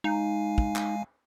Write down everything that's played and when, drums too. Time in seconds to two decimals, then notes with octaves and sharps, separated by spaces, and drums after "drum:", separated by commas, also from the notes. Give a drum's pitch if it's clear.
0.04 G#3 D#4 F5 G#5
0.58 drum: kick
0.76 drum: clap